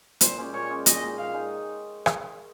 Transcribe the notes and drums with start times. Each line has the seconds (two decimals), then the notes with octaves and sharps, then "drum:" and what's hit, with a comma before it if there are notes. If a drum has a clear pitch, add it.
0.21 A#2 C5, drum: hi-hat
0.37 G#3 C#4 G4
0.53 A#2 C#5
0.70 G#3 C#4 G4
0.86 A#2 D#5, drum: hi-hat
1.02 G#3 D#4
1.18 A#2 F5
1.34 G#3 D#4
2.06 drum: rim click